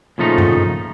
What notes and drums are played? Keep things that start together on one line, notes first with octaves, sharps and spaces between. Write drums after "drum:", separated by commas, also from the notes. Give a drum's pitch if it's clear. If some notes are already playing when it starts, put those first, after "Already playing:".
A#2 C#3 F3 A3 D#4
drum: tom G2